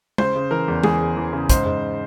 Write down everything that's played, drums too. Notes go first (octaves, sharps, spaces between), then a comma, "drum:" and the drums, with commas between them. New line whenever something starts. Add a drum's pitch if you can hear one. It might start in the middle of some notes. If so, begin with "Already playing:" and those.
C#3 C5, drum: tom G#3
C#3
E3 A#4
E2
E3 G#4, drum: tom G#3
E2
E3
C#3
G#2 C5, drum: kick, hi-hat
G#2